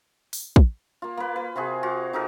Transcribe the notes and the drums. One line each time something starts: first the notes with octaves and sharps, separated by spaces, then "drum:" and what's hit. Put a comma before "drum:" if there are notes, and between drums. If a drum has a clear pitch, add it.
drum: open hi-hat
drum: kick
A#3 F4
A#3 B4
B4
C3 F4 F#4 G#4
F4 F#4
D#4 F#4 A4 A#4